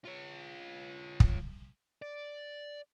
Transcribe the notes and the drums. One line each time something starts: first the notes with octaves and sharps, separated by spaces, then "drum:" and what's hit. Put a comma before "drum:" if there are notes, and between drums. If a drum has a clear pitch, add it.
F4 C#5
drum: kick
D5